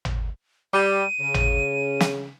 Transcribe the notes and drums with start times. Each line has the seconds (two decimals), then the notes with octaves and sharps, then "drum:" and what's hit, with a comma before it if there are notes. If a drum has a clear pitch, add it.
0.05 drum: tom
0.74 G3 D#7
1.20 C#3
1.34 drum: tom
2.00 drum: snare